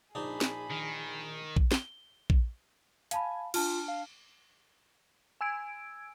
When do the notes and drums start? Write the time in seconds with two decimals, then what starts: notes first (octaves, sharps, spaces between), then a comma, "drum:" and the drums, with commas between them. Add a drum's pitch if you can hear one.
0.15 A#1 D4 D#4 G#4 B5
0.41 drum: snare
0.71 D#3
1.56 drum: kick A#1
1.72 G7, drum: snare
2.30 drum: kick A#1
3.11 F5 G#5 A5 B5, drum: hi-hat
3.54 D4 F4 A5 F6, drum: cymbal
3.88 F5
5.41 G#5 E6 G#6 D7